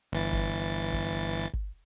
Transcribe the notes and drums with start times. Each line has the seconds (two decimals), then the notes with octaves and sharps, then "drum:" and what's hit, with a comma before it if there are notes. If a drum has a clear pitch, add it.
0.12 G1 E3 A6
0.33 drum: kick G1
0.93 drum: kick G1
1.53 drum: kick G1